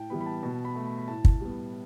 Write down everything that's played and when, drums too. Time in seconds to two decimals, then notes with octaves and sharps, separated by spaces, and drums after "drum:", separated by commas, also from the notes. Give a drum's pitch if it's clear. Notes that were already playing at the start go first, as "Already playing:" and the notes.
Already playing: A2 G5 A5
0.10 E3 G3 B3 B5
0.21 B5
0.26 A5
0.43 B2 A5
0.65 B5
0.75 A3
0.87 B5
0.98 B5
1.08 A2 A5
1.25 drum: kick
1.41 G3 B3